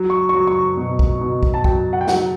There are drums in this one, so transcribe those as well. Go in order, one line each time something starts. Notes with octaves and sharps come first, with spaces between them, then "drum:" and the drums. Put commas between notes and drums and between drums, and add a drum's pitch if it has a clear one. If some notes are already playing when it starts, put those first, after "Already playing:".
Already playing: F#3
C#6
C#6
F#3
C#6
B2
drum: kick
B2
drum: kick
A5
F#3 G5, drum: kick
F#5
G5
F#3 F#5, drum: snare